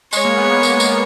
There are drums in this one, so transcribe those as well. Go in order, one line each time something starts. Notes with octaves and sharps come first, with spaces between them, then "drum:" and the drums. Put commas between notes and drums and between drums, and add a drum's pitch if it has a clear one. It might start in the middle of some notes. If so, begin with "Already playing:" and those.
G#3 C#5, drum: tambourine
A#3
B3
A#3
G#3, drum: tambourine
A#3, drum: tambourine